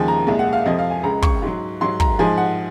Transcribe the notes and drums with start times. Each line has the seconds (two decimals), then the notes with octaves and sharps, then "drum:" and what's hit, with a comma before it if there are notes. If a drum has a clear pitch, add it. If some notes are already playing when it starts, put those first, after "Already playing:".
Already playing: D#2 C#3 F3 G#3 G#5
0.08 A#5
0.27 C2 A#2 G#3
0.39 F#5
0.53 F5
0.65 F2 C3 F3 D#5
0.79 F5
0.90 G#5
1.03 C#2 C#3 G#3 A#5
1.22 C#6, drum: kick
1.42 G#2 F#3
1.81 G#2 F#3 C6
2.00 A#5, drum: kick
2.19 G#2 F3 G#3 G#5
2.38 F#5